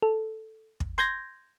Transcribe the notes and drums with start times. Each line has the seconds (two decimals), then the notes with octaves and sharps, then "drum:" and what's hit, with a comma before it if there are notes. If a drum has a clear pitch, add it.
0.02 A4
0.80 drum: kick
0.98 C6 G6 G#6 A#6, drum: rim click